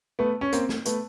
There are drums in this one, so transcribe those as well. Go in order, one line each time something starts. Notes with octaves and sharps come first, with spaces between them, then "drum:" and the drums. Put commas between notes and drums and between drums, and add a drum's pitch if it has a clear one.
A3 B3
C#4
A#3 C4, drum: hi-hat
drum: snare
A3 B3, drum: hi-hat